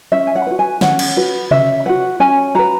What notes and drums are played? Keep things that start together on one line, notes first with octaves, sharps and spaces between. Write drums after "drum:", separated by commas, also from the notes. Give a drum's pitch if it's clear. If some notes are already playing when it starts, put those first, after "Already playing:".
C#4 E5
G#5
F#5
F#4 B4
G#5
C#4 F#5, drum: snare
drum: cymbal
F#4 B4
C#4 E5, drum: tom C3
F#4 B4 F#5
C#4 G#5
F#4 B4 A#5